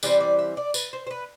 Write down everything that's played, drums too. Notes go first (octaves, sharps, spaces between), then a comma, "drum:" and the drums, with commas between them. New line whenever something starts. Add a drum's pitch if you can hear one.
E3 G3 C4 D5, drum: tambourine
D5
E5
D5
B4, drum: tambourine
C5
C5
B4